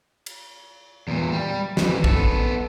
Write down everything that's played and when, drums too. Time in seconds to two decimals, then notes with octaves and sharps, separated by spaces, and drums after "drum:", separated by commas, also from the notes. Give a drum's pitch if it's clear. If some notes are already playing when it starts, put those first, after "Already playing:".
0.26 drum: cymbal
1.08 E2 A#2
1.32 G3
1.77 F2 E3, drum: snare
2.04 B3 A4, drum: kick